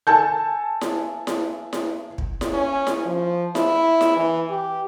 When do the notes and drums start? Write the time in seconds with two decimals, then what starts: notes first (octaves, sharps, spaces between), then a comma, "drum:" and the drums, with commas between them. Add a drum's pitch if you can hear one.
0.07 A4 G#5 A5 G6
0.81 drum: snare E4
1.27 drum: snare E4
1.73 drum: snare E4
2.18 drum: kick
2.41 drum: snare E4
2.53 C#4
2.87 drum: snare E4
3.05 F3
3.55 E4, drum: snare E4
4.01 drum: snare E4
4.16 E3
4.50 G4